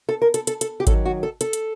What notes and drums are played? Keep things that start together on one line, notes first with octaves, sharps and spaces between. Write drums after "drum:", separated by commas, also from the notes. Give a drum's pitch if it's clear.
A4
A#4
A4, drum: hi-hat
A4, drum: hi-hat
A4, drum: hi-hat
G4
F#2 D#3 F#3 A4, drum: kick G#1, hi-hat
F#4
A4
A4, drum: hi-hat
drum: hi-hat